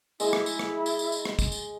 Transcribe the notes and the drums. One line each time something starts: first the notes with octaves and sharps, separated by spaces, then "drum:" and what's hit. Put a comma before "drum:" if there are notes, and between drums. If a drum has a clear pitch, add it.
G#3 E4 D#5 E6, drum: tambourine
drum: rim click
drum: tambourine
drum: rim click
drum: tambourine
drum: tambourine
drum: tambourine
drum: rim click
drum: kick, tambourine
drum: tambourine